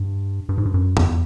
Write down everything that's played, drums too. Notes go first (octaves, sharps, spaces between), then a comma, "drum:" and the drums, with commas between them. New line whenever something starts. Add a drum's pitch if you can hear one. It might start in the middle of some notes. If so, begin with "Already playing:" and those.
Already playing: G2
G2
G#2
G2
F#2
E2, drum: tom F2